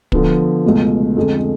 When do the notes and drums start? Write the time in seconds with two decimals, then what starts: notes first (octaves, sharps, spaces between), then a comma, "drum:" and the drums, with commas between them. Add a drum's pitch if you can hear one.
0.12 D3 F3 B3, drum: kick
0.65 C#2 B2 A3
1.16 F2 D3 G#3